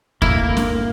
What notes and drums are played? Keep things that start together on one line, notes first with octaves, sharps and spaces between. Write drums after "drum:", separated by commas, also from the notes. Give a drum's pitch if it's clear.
G1 A2 A#3 E4, drum: kick D#2
drum: snare